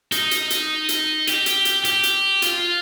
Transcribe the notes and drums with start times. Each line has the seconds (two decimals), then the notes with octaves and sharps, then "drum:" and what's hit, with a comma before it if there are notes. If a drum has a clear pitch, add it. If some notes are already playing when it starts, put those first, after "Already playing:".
0.12 D#4, drum: hi-hat
0.31 drum: hi-hat
0.50 drum: hi-hat
0.89 drum: hi-hat
1.27 G4, drum: hi-hat
1.46 drum: hi-hat
1.65 drum: hi-hat
1.85 G4, drum: hi-hat
2.03 drum: hi-hat
2.42 F4, drum: hi-hat